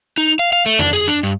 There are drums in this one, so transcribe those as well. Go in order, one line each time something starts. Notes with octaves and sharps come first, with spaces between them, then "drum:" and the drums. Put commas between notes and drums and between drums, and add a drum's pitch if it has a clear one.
D#4
F5
F5
A3
D4, drum: tom F2
G#4, drum: hi-hat
D4
G2